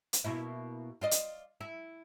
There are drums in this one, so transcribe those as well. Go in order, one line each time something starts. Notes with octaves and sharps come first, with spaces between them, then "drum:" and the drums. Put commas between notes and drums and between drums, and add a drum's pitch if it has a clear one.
drum: hi-hat
B2 A#3 E4
F4 D5 D#5
drum: hi-hat
E4